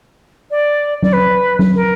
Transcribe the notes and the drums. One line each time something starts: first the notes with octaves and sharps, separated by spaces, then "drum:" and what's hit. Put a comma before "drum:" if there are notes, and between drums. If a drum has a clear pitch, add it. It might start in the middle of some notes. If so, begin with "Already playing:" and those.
D5
D5, drum: tom F#3
B4
drum: tom F#3
A#4